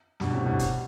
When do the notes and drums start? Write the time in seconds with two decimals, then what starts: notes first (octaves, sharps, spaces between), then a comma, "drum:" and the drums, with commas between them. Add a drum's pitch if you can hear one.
0.20 G2 B2, drum: snare
0.33 A2 C3
0.46 G2 B2
0.59 drum: kick, hi-hat